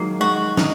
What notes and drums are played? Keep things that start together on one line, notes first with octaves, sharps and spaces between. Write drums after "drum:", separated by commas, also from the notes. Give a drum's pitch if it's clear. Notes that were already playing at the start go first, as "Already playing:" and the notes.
Already playing: D#3 F#3 G#3 A#3
G#3 F#4
D#4, drum: snare